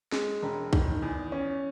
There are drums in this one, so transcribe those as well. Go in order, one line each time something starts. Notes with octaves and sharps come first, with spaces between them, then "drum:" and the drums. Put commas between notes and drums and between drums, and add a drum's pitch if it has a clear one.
G#3, drum: snare
E1
D#3, drum: kick B1
E2
C#4